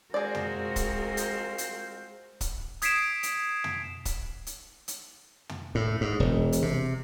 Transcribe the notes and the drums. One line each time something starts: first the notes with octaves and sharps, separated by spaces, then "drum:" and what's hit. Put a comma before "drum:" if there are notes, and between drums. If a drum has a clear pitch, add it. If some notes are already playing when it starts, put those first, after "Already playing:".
G#3 C4 F4 F#4 G#4 A#4 C5 D5
drum: tom
drum: kick C#1, hi-hat
drum: hi-hat
drum: hi-hat
drum: kick C#1, hi-hat
D#6 G#6 B6 C7 D7 E7, drum: hi-hat
drum: hi-hat
drum: tom
drum: kick C#1, hi-hat
drum: hi-hat
drum: hi-hat
drum: tom
A2
G#2
E1
drum: hi-hat
C3